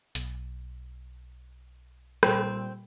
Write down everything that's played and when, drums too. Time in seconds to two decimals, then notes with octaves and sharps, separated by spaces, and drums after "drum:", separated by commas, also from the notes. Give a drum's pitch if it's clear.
0.15 B1, drum: hi-hat
2.23 A#2 G3 C4 G5, drum: rim click